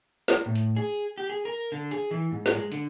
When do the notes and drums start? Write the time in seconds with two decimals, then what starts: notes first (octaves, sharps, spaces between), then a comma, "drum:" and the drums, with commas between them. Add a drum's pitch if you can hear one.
0.28 drum: snare
0.46 A2
0.55 drum: hi-hat
0.76 G#4
1.18 G4
1.30 G#4
1.45 A#4
1.72 D3
1.91 G#4, drum: hi-hat
2.11 E3
2.32 G#2
2.46 drum: snare
2.55 G#3
2.72 D3, drum: hi-hat